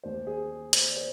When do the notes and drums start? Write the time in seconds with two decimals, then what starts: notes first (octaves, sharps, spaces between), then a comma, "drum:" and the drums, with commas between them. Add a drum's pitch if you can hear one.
0.03 D#2 D#3 C5
0.27 G#4
0.73 C5, drum: hi-hat
0.89 D5
0.97 C5